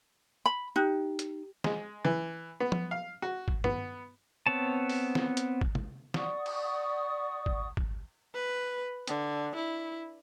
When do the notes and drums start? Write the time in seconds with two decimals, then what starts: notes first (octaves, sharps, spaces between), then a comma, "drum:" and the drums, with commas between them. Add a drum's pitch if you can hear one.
0.46 B5
0.76 D#4 G4 G5 F#6
1.19 drum: hi-hat
1.64 G#3, drum: snare
2.05 E3
2.60 B3
2.72 drum: tom F3
2.91 F5
3.22 F#4
3.48 drum: kick
3.64 B3, drum: tom
4.46 B3 C4 C#5 A5
4.90 drum: open hi-hat
5.15 drum: snare
5.37 drum: hi-hat
5.61 drum: kick
5.75 drum: tom
6.14 D5 F#5 C#6 D#6, drum: snare
6.46 drum: cymbal
7.46 drum: kick
7.77 drum: kick
8.35 B4
9.07 D3, drum: hi-hat
9.56 E4